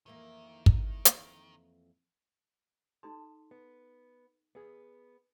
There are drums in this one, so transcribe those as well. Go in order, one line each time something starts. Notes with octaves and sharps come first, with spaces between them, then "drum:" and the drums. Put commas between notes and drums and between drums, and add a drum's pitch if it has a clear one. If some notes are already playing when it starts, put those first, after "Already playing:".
F2 D#3 E3 A#3
drum: kick
drum: hi-hat
D#4 A4 A5 C6
B3
B3 G#4